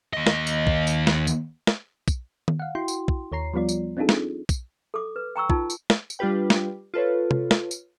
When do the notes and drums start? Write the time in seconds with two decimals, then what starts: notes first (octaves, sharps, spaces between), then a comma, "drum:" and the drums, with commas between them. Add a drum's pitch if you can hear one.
0.13 D#2 D#5
0.27 drum: snare
0.47 drum: tambourine
0.67 drum: kick
0.87 drum: tambourine
1.07 drum: snare
1.27 drum: tambourine
1.67 drum: snare
2.08 drum: kick, tambourine
2.48 drum: tom D#3
2.59 F5 F#5
2.75 E4 F#4 G5 C6
2.88 drum: tambourine
3.08 drum: kick
3.32 D#2 C#5 A#5 C7
3.54 F3 G3 B3 F4 D5
3.69 drum: tambourine
3.97 C4 D4 D#4 F4 G#4 A4
4.09 drum: snare
4.49 drum: kick, tambourine
4.94 A4 D6
5.16 B4
5.36 G5 A#5 C#6 E6
5.50 D#4 F4 A5, drum: kick
5.70 drum: tambourine
5.90 drum: snare
6.10 drum: tambourine
6.19 G3 D4 F4 G4 B4 G5
6.50 drum: snare
6.94 F4 A4 B4 C#5
7.31 drum: tom C3
7.51 drum: snare
7.71 drum: tambourine